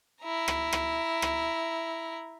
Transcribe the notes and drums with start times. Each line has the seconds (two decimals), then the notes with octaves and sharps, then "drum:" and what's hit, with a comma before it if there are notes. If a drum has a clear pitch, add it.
0.23 E4 A#5
0.48 drum: rim click
0.73 drum: rim click
1.22 drum: rim click